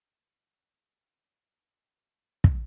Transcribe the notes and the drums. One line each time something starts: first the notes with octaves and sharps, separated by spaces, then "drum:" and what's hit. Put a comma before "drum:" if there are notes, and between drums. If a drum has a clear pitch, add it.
C#2 C#3 C#4 G#4 C#5 D#5
E3 A3
B2 E3 G3 G4 F5
drum: kick